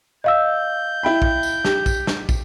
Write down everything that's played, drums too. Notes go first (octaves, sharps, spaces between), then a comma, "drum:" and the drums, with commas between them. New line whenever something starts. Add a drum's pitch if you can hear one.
D#5 F5 E6 G6
E4 G5 B5
drum: kick
drum: tambourine
G4, drum: snare
drum: kick, tambourine
drum: snare
drum: kick, tambourine